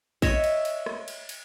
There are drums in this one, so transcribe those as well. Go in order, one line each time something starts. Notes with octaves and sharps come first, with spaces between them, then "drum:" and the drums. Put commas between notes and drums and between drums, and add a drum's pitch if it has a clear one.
C#5 D#5 E5, drum: kick A#1, cymbal
drum: cymbal
drum: cymbal
drum: rim click
drum: cymbal
drum: cymbal